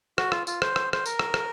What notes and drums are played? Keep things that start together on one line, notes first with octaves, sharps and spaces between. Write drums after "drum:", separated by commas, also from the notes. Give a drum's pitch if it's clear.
F#4, drum: rim click
F4, drum: rim click
F4, drum: tambourine
C5, drum: rim click
drum: rim click
C5, drum: rim click
A#4, drum: tambourine
drum: rim click
drum: rim click